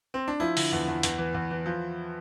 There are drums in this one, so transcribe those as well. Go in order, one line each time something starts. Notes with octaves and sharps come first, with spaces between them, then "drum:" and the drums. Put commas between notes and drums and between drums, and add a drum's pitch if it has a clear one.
C4
D4
F3 E4
D3, drum: open hi-hat
E2
E2
E2, drum: hi-hat
E3
E2
E3
F3